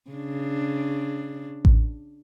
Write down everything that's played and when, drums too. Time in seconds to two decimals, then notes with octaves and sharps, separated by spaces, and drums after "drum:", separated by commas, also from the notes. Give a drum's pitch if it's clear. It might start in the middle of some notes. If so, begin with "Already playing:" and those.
0.10 C#3 D4
1.65 drum: kick A1